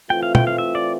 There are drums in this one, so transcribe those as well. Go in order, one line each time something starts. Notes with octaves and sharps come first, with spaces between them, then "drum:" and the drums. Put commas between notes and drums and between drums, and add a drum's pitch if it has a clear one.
E3 A3 C4 F4 G5
F5
G5, drum: tom
F5
E5
D5